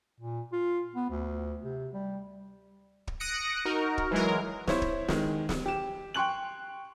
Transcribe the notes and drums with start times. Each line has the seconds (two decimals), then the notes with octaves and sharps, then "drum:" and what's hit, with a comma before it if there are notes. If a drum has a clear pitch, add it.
0.21 A#2
0.53 F4
0.95 B3
1.10 D2
1.64 C3
1.94 G3
3.07 drum: kick
3.20 D#6 F#6 A#6 C#7 D7
3.65 D#4 F#4 A#4
3.98 drum: kick
4.11 E3 F#3 G#3 A#4
4.67 E4 C5 C#5, drum: snare
4.82 drum: kick
5.08 D#3 G#3, drum: snare
5.49 drum: snare
5.66 G4 E7
6.14 G5 C6 C#6 F#6 F#7